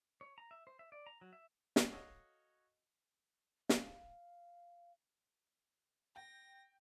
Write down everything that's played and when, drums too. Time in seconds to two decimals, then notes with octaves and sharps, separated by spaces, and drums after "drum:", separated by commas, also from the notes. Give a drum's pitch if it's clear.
0.21 C#5
0.38 A#5
0.51 E5
0.67 C5
0.79 E5
0.92 D5
1.07 A#5
1.21 F#3
1.33 E5
1.76 drum: snare
1.90 F#4 A4 C#5 D#5 F5 F#5
3.69 F5, drum: snare
6.16 G5 A#6